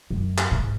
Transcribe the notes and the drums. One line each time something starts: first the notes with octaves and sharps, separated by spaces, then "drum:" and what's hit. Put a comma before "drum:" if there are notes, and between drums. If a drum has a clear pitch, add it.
F#2
drum: clap
G#2